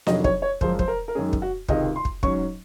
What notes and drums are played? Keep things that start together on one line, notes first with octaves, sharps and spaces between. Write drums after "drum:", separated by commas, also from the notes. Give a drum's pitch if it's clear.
F2 C3 D#3 F#3 D#5, drum: snare D4
C#5, drum: kick
C#5
F#2 F3 G#3 C5, drum: kick
C5, drum: kick
A#4
A#4
F#2 D#3 G#3 C#4 G#4
drum: kick
F#4
C#2 C3 D#3 G#3 D#5, drum: kick
C6
drum: kick
G#2 F#3 C#4 C#6, drum: kick